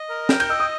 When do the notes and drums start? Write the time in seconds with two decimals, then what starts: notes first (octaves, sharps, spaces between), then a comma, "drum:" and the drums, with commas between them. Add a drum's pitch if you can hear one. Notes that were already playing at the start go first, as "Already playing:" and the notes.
Already playing: D#5
0.09 A#4
0.29 G5, drum: snare
0.40 G6, drum: cymbal
0.49 D#5 E6
0.60 D#6